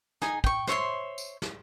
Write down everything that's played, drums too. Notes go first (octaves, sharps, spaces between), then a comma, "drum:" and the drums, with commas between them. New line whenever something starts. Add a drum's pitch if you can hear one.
D#4 G#4 G#5, drum: snare
G5 C#6, drum: kick
C5 C#5 E5 C6, drum: snare
drum: tambourine
drum: snare